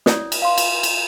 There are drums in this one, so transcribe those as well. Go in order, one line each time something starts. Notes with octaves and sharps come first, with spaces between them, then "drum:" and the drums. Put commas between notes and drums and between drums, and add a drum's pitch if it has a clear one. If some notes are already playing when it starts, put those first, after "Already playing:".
E4 C#5 D5 D#6, drum: snare
drum: cymbal
F5 C6
drum: cymbal
drum: cymbal